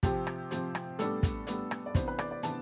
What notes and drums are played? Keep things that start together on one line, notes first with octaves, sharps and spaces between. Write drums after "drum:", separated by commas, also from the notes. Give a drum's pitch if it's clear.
C3 F3 C4 G4, drum: kick, hi-hat
drum: rim click
C3 F3 C4, drum: hi-hat
drum: rim click
A2 G3 B3 D4 A4, drum: hi-hat
drum: kick, hi-hat
A2 G3 B3 D4, drum: hi-hat
drum: rim click
D5
C3 E3 B3 D4 C5, drum: kick, hi-hat
B4
D5, drum: rim click
D5
C3 E3 B3 D4 A5, drum: hi-hat